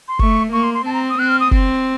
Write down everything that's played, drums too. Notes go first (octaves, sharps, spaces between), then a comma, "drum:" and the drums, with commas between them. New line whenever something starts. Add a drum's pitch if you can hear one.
C6
A3 C#6, drum: kick F#1
A#3 C#6
C6
C6
C4 A5
A#5
D#6
C4 F#6
F6
D#6
C4, drum: kick F#1